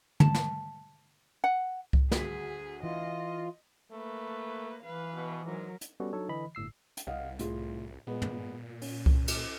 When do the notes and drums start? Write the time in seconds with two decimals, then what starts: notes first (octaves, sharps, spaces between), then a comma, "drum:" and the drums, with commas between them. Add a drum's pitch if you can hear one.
0.20 A5, drum: tom
0.34 drum: snare
1.44 F#5
1.93 drum: kick C2
2.12 D2 F#4 G#4 B6, drum: snare
2.83 E3 F4 D#5
3.92 A3 A#3 B4
4.84 E3 B4 F5
5.13 B2
5.45 G#2 F#3 A#4
5.81 drum: hi-hat
6.00 G3 B3 C#4 F#4 A4
6.13 F#3 D4 D#4 A4 C#5
6.28 D3 E3 D#5 B5
6.55 G1 A2 E6 C7
6.97 drum: hi-hat
7.07 C2 D#5 F5 F#5
7.39 A2 F4 G#4, drum: hi-hat
8.07 A#2 G#3 B3
8.22 drum: tom
8.82 C#4, drum: open hi-hat
9.06 drum: kick C2
9.28 drum: cymbal